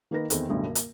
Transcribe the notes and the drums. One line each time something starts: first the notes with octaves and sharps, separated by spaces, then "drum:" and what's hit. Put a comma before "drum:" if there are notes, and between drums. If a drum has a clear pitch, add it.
D#3 A#3 D#4 A#4 B4 A#6
E2 D#3 C4 A4, drum: hi-hat
B1 F#2 A2 D3 G3
A#3
drum: hi-hat